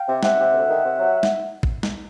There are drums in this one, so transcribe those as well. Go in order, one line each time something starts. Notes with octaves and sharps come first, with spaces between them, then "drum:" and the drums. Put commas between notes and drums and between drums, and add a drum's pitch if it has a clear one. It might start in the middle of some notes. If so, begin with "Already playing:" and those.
Already playing: F5 G5
C3
C3 E5 F#5, drum: snare
C3
D2
D#3
C3
F#3
drum: snare
drum: kick
drum: snare